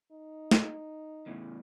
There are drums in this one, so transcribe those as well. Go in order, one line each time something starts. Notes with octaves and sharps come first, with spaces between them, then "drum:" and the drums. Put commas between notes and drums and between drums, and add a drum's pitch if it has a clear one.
D#4
drum: snare
E2 A2 C#3